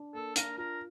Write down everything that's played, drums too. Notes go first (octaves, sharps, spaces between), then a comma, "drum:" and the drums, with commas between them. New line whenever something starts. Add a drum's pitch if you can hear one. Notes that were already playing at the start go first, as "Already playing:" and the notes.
Already playing: D4
A#3 A4
D4 A#4, drum: hi-hat
F4 A#4